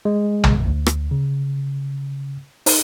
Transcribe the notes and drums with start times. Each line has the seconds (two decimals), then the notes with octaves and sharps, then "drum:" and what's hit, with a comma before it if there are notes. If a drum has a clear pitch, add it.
0.05 G#3
0.44 drum: tom
0.66 D2
0.86 drum: rim click
1.11 C#3
2.66 D#4, drum: open hi-hat